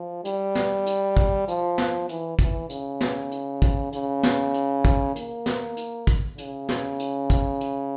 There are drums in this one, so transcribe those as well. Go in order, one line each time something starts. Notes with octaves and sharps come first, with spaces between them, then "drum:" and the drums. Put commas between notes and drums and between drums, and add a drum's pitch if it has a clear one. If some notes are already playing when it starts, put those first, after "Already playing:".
Already playing: F3
G3, drum: hi-hat
drum: snare
drum: hi-hat
drum: kick, hi-hat
F3, drum: hi-hat
drum: snare
E3, drum: hi-hat
E3, drum: kick, hi-hat
C#3, drum: hi-hat
drum: snare
drum: hi-hat
drum: kick, hi-hat
C#3, drum: hi-hat
drum: snare
drum: hi-hat
drum: kick, hi-hat
A#3, drum: hi-hat
drum: snare
drum: hi-hat
drum: kick, hi-hat
C#3, drum: hi-hat
drum: snare
drum: hi-hat
drum: kick, hi-hat
drum: hi-hat